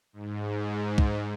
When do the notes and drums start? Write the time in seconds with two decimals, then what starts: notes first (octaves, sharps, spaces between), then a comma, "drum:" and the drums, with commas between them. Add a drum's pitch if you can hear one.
0.13 G#2
0.98 drum: kick